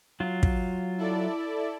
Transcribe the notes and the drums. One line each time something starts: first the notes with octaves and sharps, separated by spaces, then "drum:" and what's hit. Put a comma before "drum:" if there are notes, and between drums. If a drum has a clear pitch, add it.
F#3 F4
drum: kick
E4 A4 D5